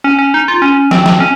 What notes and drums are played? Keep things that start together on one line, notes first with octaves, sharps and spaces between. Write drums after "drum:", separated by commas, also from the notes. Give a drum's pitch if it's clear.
C#4
C#4
D#4
F4
C#4
C4, drum: snare
drum: snare
C#4